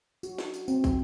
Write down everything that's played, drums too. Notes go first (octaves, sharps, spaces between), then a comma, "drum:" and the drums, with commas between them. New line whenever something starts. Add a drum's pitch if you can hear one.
F#4, drum: tambourine
drum: snare
drum: tambourine
C4, drum: tambourine
drum: kick, tambourine